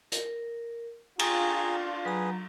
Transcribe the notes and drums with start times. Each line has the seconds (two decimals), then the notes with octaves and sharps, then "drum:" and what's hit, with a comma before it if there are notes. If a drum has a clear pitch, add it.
0.12 A#4, drum: hi-hat
1.19 D4 F4 G#4 G5 A#5, drum: cymbal
2.05 F#3 G#4 B4 A#5